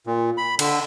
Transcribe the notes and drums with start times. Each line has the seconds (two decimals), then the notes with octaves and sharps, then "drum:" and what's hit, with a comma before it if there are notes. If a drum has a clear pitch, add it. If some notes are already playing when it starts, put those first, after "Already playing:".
0.07 A#2
0.38 B5
0.59 D3, drum: cymbal